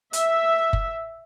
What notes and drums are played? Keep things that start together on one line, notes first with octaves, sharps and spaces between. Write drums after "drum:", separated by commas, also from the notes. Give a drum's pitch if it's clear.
E5, drum: hi-hat
drum: kick F#1